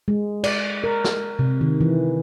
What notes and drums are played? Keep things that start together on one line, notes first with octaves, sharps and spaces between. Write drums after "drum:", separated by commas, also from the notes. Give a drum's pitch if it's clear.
G#3
D5, drum: cymbal
A#4
drum: snare
C3
D#3
E3